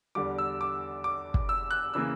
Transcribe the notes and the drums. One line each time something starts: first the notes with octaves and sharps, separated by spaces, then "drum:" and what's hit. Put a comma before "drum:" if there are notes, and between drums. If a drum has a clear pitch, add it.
E2 D3 G3 D6
E6
D6
D6
drum: kick
E6
F#6
C#3 E3 A#3 E6